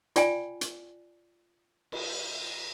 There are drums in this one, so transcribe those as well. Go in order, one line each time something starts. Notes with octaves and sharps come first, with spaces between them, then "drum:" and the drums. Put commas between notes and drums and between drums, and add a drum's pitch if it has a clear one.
F4 D5 G5 G#5, drum: hi-hat
drum: hi-hat
drum: cymbal